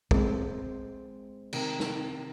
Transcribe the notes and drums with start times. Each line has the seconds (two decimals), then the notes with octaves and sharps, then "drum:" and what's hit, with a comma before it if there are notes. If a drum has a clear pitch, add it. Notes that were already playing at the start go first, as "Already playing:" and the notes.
0.11 G#3 C4, drum: kick
1.53 C3 D#3, drum: cymbal
1.80 drum: snare